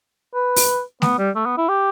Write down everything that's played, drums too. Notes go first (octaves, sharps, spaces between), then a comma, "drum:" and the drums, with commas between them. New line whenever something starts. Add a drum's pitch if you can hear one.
B4
drum: open hi-hat
B3, drum: snare A3
G3
A3
B3
E4
G4